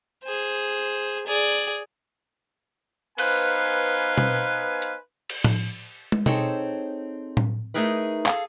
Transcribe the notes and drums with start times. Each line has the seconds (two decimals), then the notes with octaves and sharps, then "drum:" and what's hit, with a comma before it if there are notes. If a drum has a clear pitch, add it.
0.23 G#4 C5
1.26 G#4 D5
3.18 B3 D#4 B4 C5 F5 G#5, drum: cymbal
4.18 drum: tom B2
4.82 drum: hi-hat
5.29 drum: cymbal
5.44 drum: tom A2
6.12 drum: tom
6.26 C4 D#4 G#4 A4 C5 C#5, drum: tom B2
7.37 drum: tom A2
7.74 A3 A#3 D#4 G#4 A#4 B4
8.26 G#4 A4 F5, drum: clap